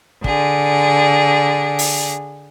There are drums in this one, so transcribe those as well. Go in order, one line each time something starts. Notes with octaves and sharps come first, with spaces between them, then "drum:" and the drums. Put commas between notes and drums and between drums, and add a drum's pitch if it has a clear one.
D3 G#4, drum: kick
drum: open hi-hat